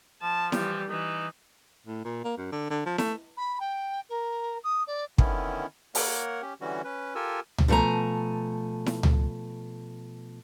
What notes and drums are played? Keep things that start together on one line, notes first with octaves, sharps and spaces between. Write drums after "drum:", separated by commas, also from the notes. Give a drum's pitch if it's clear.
F3 A5
E3 G3, drum: snare E4
E3 D#4
A2
A#2
A#3
F#2
D3
D3
F3
A3, drum: snare E4
B5
G5
A#4
D#6
D5
D3 D#3 B3 C#4 E4, drum: kick
A#3 A#4 C#5 F#5, drum: open hi-hat
C#4 G4
D3 E3 G3 C#4 F#4
C#4 B4
F4 G4 A4 A#4 G#5 E6
drum: tom C#2
B2 F3 A3 G#5 A#5
drum: snare E4
drum: tom C#2